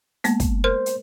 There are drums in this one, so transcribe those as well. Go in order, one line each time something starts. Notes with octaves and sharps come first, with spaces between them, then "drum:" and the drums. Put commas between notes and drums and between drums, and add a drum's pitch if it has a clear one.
G#3 A#3 B3, drum: hi-hat
drum: kick, hi-hat
A#4 C5 C6 F6
drum: hi-hat